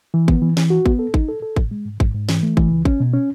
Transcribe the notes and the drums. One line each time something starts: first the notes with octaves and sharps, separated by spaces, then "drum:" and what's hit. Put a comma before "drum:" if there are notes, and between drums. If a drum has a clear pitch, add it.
E3
B3, drum: kick G#1
E3
E3, drum: snare
F#4
B3, drum: kick G#1
A4
D#4, drum: kick G#1
A4
A4
A2, drum: kick G#1
G#3
G#2
G#2, drum: kick G#1
G#2
E3, drum: snare
A3
E3, drum: kick G#1
C#2
C#4, drum: kick G#1
B2
C#4